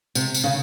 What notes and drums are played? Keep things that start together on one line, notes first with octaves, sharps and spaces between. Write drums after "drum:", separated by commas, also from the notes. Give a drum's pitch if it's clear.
C3, drum: tambourine
drum: tambourine
C#3